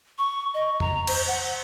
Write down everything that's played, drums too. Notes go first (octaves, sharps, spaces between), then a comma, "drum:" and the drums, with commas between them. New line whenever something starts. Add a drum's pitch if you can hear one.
C#6
D#5
A#5, drum: tom F2
C5, drum: cymbal
F#5